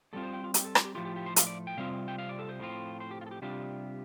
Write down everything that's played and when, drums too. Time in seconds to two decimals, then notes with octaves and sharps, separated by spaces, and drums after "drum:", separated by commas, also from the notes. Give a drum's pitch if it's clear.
0.13 A2 G3 C4 F4 A4
0.23 C5
0.33 G5
0.44 F4
0.54 G4, drum: hi-hat
0.65 A4
0.75 F4, drum: rim click
0.85 G4
0.95 A2 F3 A3 F4 G4
1.05 G4
1.16 G4
1.26 C5
1.36 F5, drum: hi-hat
1.47 D5
1.67 G5
1.77 C3 G3 C4 F4 F5
2.08 G5
2.18 F5
2.29 D5
2.39 A4
2.49 C5
2.59 A2 F3 C4 F4
3.00 C5
3.11 G4
3.21 F4
3.26 A4
3.31 G4
3.42 C3 G3 D4 F4 G4